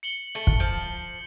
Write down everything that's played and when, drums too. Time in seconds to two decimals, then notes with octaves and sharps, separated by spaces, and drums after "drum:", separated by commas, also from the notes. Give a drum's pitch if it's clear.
0.03 C#7 F#7 G7
0.35 A3
0.47 drum: kick
0.60 F3